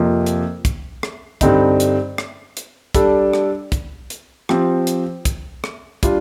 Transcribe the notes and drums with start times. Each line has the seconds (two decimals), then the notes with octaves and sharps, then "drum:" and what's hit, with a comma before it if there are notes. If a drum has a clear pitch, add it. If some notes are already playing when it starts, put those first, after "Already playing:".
Already playing: F2 C3 F3 A#3
0.26 drum: hi-hat
0.65 drum: kick, hi-hat
1.03 drum: rim click
1.41 G2 D3 G3 C4 D#4, drum: kick, hi-hat
1.80 drum: hi-hat
2.18 drum: rim click
2.57 drum: hi-hat
2.94 G3 D4 A4, drum: kick, hi-hat
3.33 drum: rim click
3.72 drum: kick, hi-hat
4.10 drum: hi-hat
4.49 F3 C4 G4, drum: rim click
4.87 drum: hi-hat
5.25 drum: kick, hi-hat
5.64 drum: rim click
6.03 G3 D4 F4, drum: kick, hi-hat